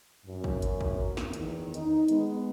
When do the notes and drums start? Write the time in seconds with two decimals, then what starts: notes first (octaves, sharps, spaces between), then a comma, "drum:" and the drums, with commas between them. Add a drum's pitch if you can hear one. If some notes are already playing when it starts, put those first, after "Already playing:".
0.26 F#2
0.44 drum: kick
0.62 drum: hi-hat
0.81 drum: kick
1.17 drum: snare
1.33 E2 D#3, drum: hi-hat
1.74 D#4, drum: hi-hat
2.08 G#3 B3, drum: hi-hat